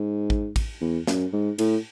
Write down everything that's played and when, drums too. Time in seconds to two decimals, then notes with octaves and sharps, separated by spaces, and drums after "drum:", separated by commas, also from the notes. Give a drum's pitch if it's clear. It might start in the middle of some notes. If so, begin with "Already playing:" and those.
Already playing: G#2
0.30 drum: kick
0.56 drum: kick, cymbal
0.81 E2
1.07 F#2, drum: snare
1.33 G#2
1.59 A2, drum: cymbal